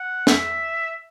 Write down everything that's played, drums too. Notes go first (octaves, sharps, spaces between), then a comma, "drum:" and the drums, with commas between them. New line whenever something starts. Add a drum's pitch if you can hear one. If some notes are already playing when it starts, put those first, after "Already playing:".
Already playing: F#5
E5, drum: snare